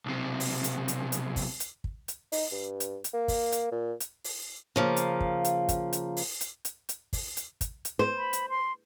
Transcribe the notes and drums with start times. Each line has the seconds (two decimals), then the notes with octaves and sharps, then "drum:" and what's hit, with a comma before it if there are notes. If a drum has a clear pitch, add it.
0.06 B1 C3
0.40 drum: open hi-hat
0.64 drum: hi-hat
0.88 drum: hi-hat
1.12 drum: hi-hat
1.36 drum: kick, open hi-hat
1.60 drum: hi-hat
1.84 drum: kick
2.08 drum: hi-hat
2.32 D#4, drum: open hi-hat
2.52 G2
2.80 drum: hi-hat
3.04 drum: hi-hat
3.13 A#3
3.28 drum: kick, open hi-hat
3.52 drum: hi-hat
3.72 A#2
4.00 drum: hi-hat
4.24 drum: open hi-hat
4.76 C#3 F3 A#3
4.96 drum: hi-hat
5.20 drum: kick
5.44 drum: hi-hat
5.69 drum: kick, hi-hat
5.93 drum: hi-hat
6.17 drum: open hi-hat
6.41 drum: hi-hat
6.65 drum: hi-hat
6.89 drum: hi-hat
7.13 drum: kick, open hi-hat
7.37 drum: hi-hat
7.61 drum: kick, hi-hat
7.85 drum: hi-hat
7.99 C5
8.17 B5
8.33 drum: hi-hat
8.49 C6